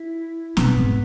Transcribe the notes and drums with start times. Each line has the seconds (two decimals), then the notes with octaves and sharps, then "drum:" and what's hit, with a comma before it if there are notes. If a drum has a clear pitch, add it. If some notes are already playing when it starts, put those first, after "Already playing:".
Already playing: E4
0.57 B2 B3, drum: snare C4
0.76 G#2